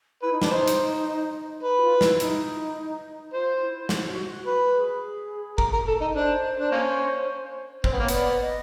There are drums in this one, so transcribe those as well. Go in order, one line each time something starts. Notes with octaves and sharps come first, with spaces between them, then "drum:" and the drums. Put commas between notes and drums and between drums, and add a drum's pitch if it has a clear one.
E4 B4
D#4
D4, drum: snare
D#4 C5
drum: hi-hat
B4
F#4
F4
E4, drum: snare
D#4, drum: hi-hat
F4 C5
E4
F4, drum: snare
F#4
F#4
B4
G#4
A#4, drum: kick
A#4
A4
D#4
D4 C5
D4
A#3 C#4
C4 C#5, drum: kick
B3
A#3
B3 D5, drum: hi-hat
D5
D#5